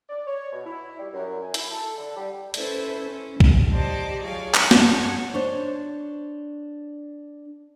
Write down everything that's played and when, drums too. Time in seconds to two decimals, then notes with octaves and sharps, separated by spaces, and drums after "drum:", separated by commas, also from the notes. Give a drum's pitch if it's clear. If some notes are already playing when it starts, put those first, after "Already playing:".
0.09 D5
0.27 C#5
0.52 B2
0.66 E4
0.99 G3
1.13 F#2
1.42 G#5
1.54 E4, drum: hi-hat
1.70 A4
1.98 D3
2.17 G3
2.54 C#4 E4 A4 B4 C5, drum: hi-hat
3.06 C#4
3.40 C3, drum: kick
3.71 D#4 G4 C5 D5 A5
4.23 F#3 F4 G#4 C#5 D5 F5
4.54 drum: clap
4.71 G2 C#5 F#5 G#5 A5, drum: snare
5.34 D4 C5 C#5